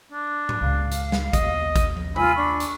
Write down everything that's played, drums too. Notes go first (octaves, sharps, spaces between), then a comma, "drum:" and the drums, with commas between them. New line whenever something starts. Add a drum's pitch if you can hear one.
D4
drum: tom G#2
C#2 F5
drum: hi-hat
drum: snare
D#2 B2 D#5, drum: kick A1, hi-hat
drum: kick A1, hi-hat
drum: tom
F4 G#5 B5 E6, drum: tom
D4 C#6
drum: hi-hat